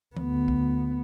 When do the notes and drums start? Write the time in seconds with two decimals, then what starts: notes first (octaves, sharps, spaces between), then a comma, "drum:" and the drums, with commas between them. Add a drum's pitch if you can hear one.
0.17 D2 B3, drum: tom E3
0.48 drum: kick